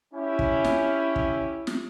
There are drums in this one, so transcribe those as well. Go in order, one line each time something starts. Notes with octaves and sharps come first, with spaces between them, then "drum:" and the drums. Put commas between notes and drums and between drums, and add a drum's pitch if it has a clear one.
C#4 E4 G4
drum: kick
drum: snare
drum: kick
drum: snare